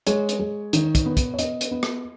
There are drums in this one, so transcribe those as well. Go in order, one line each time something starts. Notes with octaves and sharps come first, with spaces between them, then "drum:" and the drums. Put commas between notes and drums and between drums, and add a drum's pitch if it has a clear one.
G#3 C#5, drum: hi-hat
drum: hi-hat
G#3
D#3, drum: hi-hat
drum: kick, hi-hat
B3
drum: kick, hi-hat
C#5
B3 D#5, drum: hi-hat
drum: hi-hat
B3
drum: rim click